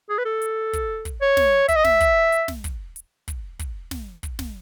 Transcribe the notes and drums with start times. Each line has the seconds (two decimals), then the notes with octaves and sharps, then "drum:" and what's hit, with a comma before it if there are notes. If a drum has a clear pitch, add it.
0.09 G#4
0.18 B4
0.25 A4
0.42 drum: hi-hat
0.73 drum: kick, hi-hat
1.05 drum: kick, hi-hat
1.21 C#5
1.37 drum: snare
1.68 E5, drum: kick, hi-hat
1.76 D#5
1.85 E5, drum: snare
2.00 drum: kick, hi-hat
2.32 drum: hi-hat
2.48 drum: snare
2.64 drum: kick, hi-hat
2.96 drum: hi-hat
3.28 drum: kick, hi-hat
3.59 drum: kick, hi-hat
3.91 drum: snare
4.23 drum: kick, hi-hat
4.39 drum: snare